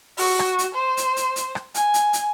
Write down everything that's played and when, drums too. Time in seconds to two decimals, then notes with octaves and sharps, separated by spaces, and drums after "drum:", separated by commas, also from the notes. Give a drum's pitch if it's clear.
0.17 F#4, drum: open hi-hat
0.39 drum: rim click
0.59 drum: hi-hat
0.75 C5
0.97 drum: hi-hat
1.16 drum: hi-hat
1.36 drum: hi-hat
1.55 drum: rim click
1.74 G#5, drum: hi-hat
1.94 drum: hi-hat
2.13 drum: hi-hat